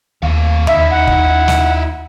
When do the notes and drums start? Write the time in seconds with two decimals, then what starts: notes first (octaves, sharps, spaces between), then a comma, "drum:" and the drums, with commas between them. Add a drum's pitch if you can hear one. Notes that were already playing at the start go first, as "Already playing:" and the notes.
0.23 D#2 A3 F5
0.67 D#4 E4 E5, drum: tom D#2
0.90 F#5
1.07 drum: kick
1.48 drum: snare